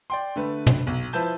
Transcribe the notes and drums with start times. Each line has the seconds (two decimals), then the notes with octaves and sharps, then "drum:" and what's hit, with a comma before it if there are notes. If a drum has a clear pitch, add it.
0.10 D5 G5 C6
0.36 D3 A3 B4
0.67 drum: tom
0.87 B1
1.13 F3 E4 B4 A5 G6